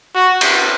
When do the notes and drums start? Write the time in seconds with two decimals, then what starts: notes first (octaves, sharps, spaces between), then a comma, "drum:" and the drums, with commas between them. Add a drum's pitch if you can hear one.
0.15 F#4
0.41 drum: cymbal